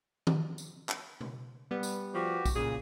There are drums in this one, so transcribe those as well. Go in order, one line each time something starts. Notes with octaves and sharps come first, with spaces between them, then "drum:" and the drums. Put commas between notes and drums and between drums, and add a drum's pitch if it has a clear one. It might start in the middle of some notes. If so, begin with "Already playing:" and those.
drum: tom D#3
drum: tambourine
drum: clap
drum: tom B2
G3 B3
drum: tambourine
F3 F#4 G4
drum: kick, tambourine
A#2 C#3 G#4 D#6